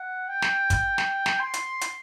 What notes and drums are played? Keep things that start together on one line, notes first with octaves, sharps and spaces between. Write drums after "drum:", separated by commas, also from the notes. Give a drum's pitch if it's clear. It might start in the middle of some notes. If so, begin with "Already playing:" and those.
Already playing: F#5
G5
drum: snare
drum: kick, hi-hat
drum: snare
drum: snare
C6
drum: hi-hat
drum: hi-hat